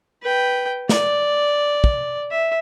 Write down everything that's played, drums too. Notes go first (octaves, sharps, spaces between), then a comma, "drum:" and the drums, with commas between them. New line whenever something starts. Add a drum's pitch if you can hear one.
B4 G5
D5, drum: snare
drum: kick
E5